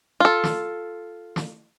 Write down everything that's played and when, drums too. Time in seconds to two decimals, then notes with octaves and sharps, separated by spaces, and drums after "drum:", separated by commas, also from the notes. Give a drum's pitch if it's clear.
0.20 F4 A4
0.44 drum: snare
1.36 drum: snare